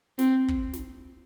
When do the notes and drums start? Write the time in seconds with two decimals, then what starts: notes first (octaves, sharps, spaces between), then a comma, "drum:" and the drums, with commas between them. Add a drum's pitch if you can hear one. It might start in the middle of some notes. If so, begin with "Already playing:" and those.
0.19 C4, drum: snare
0.48 drum: kick
0.73 drum: snare